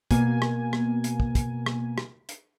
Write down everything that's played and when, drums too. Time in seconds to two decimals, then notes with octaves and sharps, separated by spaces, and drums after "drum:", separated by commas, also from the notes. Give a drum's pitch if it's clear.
0.11 B2 A#3 G#5, drum: kick, hi-hat
0.42 drum: rim click
0.73 drum: rim click
1.04 drum: hi-hat
1.20 drum: kick
1.35 drum: kick, hi-hat
1.66 drum: rim click
1.98 drum: rim click
2.29 drum: hi-hat